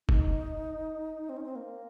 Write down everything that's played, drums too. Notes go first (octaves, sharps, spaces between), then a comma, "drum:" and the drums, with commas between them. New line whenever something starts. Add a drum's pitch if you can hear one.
D#4, drum: kick
C4
C#4
C4
A#3